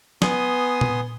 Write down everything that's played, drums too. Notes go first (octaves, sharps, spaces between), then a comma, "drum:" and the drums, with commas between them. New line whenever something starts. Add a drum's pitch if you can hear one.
B3 G#5 C6 D#6, drum: snare
drum: tom A#2